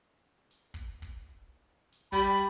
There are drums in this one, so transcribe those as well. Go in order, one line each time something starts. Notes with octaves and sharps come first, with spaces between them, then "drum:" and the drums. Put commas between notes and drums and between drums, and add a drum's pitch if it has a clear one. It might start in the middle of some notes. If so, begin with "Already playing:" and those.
drum: hi-hat
drum: kick
drum: kick
drum: hi-hat
G3 B5, drum: kick